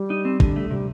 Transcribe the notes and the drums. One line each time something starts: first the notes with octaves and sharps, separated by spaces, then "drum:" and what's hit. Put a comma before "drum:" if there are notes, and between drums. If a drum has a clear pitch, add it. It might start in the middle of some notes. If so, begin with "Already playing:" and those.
Already playing: G3
D#4
C4
D3, drum: kick
A3
C3 G3